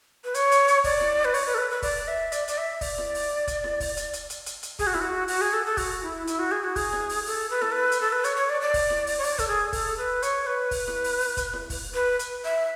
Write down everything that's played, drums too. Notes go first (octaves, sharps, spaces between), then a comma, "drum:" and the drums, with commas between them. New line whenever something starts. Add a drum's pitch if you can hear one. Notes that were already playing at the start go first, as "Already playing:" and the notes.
B4
C#5, drum: hi-hat
drum: hi-hat
drum: hi-hat
D5, drum: kick, open hi-hat
drum: snare E4
B4
C#5, drum: open hi-hat
B4
A4
B4
B4
D5, drum: kick, open hi-hat
E5
D5, drum: hi-hat
D5, drum: hi-hat
E5
D5, drum: kick, open hi-hat
drum: snare E4
drum: open hi-hat
drum: kick, hi-hat
drum: snare E4
drum: kick, open hi-hat
drum: hi-hat
drum: hi-hat
drum: hi-hat
drum: hi-hat
drum: hi-hat
G#4, drum: kick, open hi-hat
F#4
E4, drum: snare E4
F#4
F#4, drum: open hi-hat
G#4
A4
A4
F#4, drum: kick, open hi-hat
E4
E4, drum: hi-hat
F#4
G#4
F#4
G#4, drum: kick, open hi-hat
drum: snare E4
drum: open hi-hat
A4, drum: open hi-hat
B4
A4, drum: snare E4
B4
drum: hi-hat
A4
B4
C#5, drum: hi-hat
C#5
D5
D5
drum: kick, open hi-hat
drum: snare E4
drum: open hi-hat
C#5
D5, drum: open hi-hat
A4, drum: kick, hi-hat
G#4
A4, drum: kick, open hi-hat
B4
C#5, drum: hi-hat
B4
drum: kick, open hi-hat
drum: snare E4
drum: open hi-hat
drum: open hi-hat
drum: kick, hi-hat
drum: snare E4
drum: kick, open hi-hat
B4
drum: hi-hat
E5